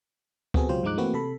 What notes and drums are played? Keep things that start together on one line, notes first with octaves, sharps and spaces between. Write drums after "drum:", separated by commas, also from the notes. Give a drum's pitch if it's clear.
B3 C4 F#4 G#4 A4, drum: kick D2
C#2 F#3 F4 G4 C5
G2 F3 G#3 D#4 D6 F#6
E3 A3 A#3 C4 F#4 B4
C3 A4 B5